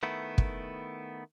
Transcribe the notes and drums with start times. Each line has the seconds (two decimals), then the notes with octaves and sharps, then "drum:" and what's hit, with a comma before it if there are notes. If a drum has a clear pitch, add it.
0.03 D#3 A3 B3 E4
0.38 drum: kick